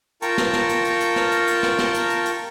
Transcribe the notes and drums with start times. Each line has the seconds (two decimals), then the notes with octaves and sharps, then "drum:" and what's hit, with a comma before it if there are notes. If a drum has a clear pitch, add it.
0.22 F4 A#4 G5 A5 A#5 C#6, drum: hi-hat
0.38 drum: snare
0.53 drum: snare
0.69 drum: hi-hat
0.85 drum: hi-hat
1.00 drum: hi-hat
1.16 drum: snare
1.32 drum: hi-hat
1.47 drum: hi-hat
1.63 drum: snare
1.79 drum: snare
1.94 drum: hi-hat
2.10 drum: hi-hat
2.26 drum: hi-hat